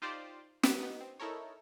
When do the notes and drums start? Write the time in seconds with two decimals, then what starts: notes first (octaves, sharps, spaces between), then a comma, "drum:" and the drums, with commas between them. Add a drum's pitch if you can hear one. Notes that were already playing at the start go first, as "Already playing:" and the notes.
0.02 D#4 F4 G4 C5 D5
0.63 G4 B4, drum: snare
0.80 B3 D#4
1.01 C4
1.20 D#4 E4 A4 A#4 C#5